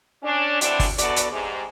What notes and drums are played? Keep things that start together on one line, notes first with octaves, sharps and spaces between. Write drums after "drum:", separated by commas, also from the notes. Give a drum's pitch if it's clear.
C#4 D4
D2 B2 E3 C4 D4, drum: hi-hat
drum: kick G1, open hi-hat
E2 D3 B3 F#4 A4 D5, drum: hi-hat
drum: hi-hat
G#2 C3